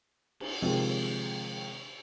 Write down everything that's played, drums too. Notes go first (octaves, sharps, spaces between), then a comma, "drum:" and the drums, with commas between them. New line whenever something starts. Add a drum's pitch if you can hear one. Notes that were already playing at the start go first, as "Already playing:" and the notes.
drum: cymbal
C3 D#3 F3 G#3